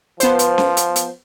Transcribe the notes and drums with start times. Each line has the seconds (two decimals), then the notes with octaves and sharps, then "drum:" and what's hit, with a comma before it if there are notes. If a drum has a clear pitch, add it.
0.20 F3 B3 C5, drum: hi-hat
0.39 drum: hi-hat
0.58 drum: snare C#4
0.77 drum: hi-hat
0.96 drum: hi-hat